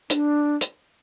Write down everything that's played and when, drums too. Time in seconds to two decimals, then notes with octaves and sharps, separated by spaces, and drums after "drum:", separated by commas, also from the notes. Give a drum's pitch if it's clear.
0.10 D4, drum: hi-hat
0.61 drum: hi-hat